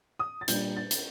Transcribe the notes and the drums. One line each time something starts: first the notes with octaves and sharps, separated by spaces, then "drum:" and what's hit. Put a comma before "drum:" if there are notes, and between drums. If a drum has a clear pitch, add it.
D#6
A6
A#2 G3 D4 G6, drum: hi-hat
A6
drum: hi-hat